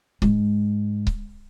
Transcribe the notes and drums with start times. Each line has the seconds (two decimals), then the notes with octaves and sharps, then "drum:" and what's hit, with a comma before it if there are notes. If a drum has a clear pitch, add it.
0.22 G#2, drum: kick C#1
1.07 drum: kick C#1